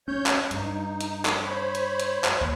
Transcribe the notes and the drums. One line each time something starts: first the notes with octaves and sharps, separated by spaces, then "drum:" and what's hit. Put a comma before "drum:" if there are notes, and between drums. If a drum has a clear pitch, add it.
C#4 C#5 G6
drum: clap
G2 D#4, drum: hi-hat
drum: hi-hat
drum: clap
C5 C#5 B5
drum: hi-hat
drum: hi-hat
drum: clap
D#2